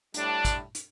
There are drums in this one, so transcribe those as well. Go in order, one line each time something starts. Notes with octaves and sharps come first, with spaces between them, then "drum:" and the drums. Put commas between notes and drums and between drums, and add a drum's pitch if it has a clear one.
A2 G3 D4, drum: hi-hat
drum: kick, hi-hat
drum: hi-hat